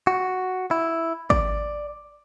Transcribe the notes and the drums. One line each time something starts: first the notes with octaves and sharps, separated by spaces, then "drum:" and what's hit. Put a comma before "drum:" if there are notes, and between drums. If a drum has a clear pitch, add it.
F#4
E4
D5, drum: kick G#1